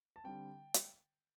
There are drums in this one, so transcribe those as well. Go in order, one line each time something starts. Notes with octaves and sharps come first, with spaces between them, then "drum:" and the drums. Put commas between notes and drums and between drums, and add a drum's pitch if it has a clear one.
A5
D3 G3 C4 G5
drum: hi-hat